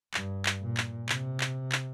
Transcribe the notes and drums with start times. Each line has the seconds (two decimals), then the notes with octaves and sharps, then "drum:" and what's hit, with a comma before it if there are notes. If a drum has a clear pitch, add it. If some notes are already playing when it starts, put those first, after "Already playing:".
0.14 G2, drum: clap
0.46 drum: clap
0.62 A#2
0.77 drum: clap
1.09 C3, drum: clap
1.40 drum: clap
1.72 drum: clap